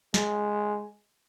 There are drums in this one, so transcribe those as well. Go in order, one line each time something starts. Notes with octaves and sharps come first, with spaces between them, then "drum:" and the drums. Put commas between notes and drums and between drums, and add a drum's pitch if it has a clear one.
G#3, drum: snare